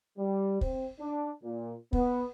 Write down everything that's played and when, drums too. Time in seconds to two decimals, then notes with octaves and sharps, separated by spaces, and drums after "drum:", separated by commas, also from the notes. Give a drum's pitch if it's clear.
0.18 G3
0.61 C4, drum: kick
1.00 D4
1.44 A#2
1.93 B3, drum: kick